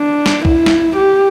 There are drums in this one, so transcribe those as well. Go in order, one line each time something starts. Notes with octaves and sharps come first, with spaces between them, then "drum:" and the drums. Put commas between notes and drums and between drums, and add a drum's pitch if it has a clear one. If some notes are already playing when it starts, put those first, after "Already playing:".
Already playing: D4
drum: snare
E4, drum: kick C2
drum: snare
G4